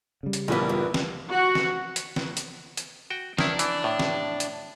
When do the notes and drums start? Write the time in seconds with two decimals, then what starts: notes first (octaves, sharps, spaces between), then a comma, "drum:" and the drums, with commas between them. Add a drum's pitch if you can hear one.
0.23 C#3 G3
0.33 drum: hi-hat
0.48 A#1 D#2 B2 E3 A#3 B3
0.69 G2
0.94 drum: snare
1.29 F#4
1.55 drum: snare
1.96 drum: hi-hat
2.16 drum: snare
2.37 drum: hi-hat
2.77 drum: hi-hat
3.10 F#4 G5
3.38 D#3 D4 E4, drum: snare
3.59 E3, drum: hi-hat
3.84 A2
3.99 drum: snare
4.40 drum: hi-hat